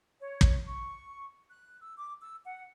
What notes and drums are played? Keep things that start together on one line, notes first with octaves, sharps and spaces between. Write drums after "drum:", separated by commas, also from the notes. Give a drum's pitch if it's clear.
C#5
drum: kick
C#6
F#6
E6
D6
E6
F#5